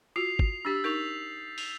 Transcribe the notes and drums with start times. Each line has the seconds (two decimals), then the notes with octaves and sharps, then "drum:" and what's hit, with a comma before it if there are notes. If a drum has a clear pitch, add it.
0.16 F4 F#4 D#6 C7 F7
0.39 drum: kick G#1
0.65 D4 G4 E6 A6 B6
0.84 D#4 A#4 C#6 G6 B6 F7
1.58 F7, drum: open hi-hat